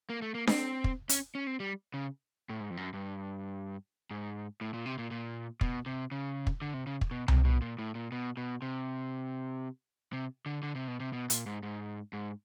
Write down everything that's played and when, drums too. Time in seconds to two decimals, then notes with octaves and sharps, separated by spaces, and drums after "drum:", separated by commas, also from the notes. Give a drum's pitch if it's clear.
0.10 A#3
0.22 A3
0.35 A#3
0.47 C4, drum: snare D4
0.84 drum: kick
1.09 C#4, drum: hi-hat
1.35 C#4
1.47 C4
1.60 G3
1.94 C#3
2.49 A2
2.60 G#2
2.70 F2
2.77 F#2
2.94 G2
4.11 G#2
4.61 A2
4.74 A#2
4.86 C3
4.98 A#2
5.11 A#2
5.61 B2, drum: kick
5.86 C3
6.11 C#3
6.47 drum: kick
6.62 D3
6.74 C3
6.87 C#3
7.01 drum: kick
7.11 B2
7.28 C3, drum: tom C2
7.45 B2
7.62 A#2
7.79 A2
7.95 A#2
8.12 B2
8.37 B2
8.62 C3
10.13 C3
10.46 D3
10.63 D3
10.75 C3
10.88 B2
11.00 C3
11.13 B2
11.30 A#2, drum: hi-hat
11.46 G#2
11.63 G#2
12.13 G#2